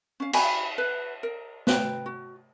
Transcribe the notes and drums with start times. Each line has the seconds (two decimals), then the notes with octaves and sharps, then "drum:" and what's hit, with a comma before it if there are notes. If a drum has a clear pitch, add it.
0.20 C#4 F5
0.33 F#4 G5 G#5 B5, drum: cymbal
0.78 B4
1.23 A#4
1.67 B4 G5, drum: snare
2.06 F#4